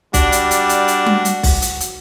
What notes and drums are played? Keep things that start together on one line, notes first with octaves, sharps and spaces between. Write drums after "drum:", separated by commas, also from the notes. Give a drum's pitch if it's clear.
G3 D4 F#4, drum: kick B1, hi-hat
drum: hi-hat
drum: hi-hat
drum: hi-hat
drum: hi-hat
drum: tom G3
drum: hi-hat
drum: kick B1, open hi-hat
drum: hi-hat
drum: hi-hat